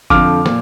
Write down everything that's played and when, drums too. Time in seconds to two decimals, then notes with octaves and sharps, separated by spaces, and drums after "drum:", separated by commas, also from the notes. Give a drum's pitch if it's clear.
0.10 F2 D3 F3 D6 F6, drum: kick G1
0.46 A#2 F3, drum: snare